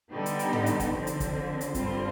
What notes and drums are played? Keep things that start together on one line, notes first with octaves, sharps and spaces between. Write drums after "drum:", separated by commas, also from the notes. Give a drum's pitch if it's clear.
D3 G3 B3 D#4 G4
drum: hi-hat
drum: hi-hat
drum: tom
drum: hi-hat
drum: kick, hi-hat
D3 F3 C4
drum: hi-hat
drum: kick, hi-hat
drum: hi-hat
G2 D3 G3 C4 F4, drum: kick, hi-hat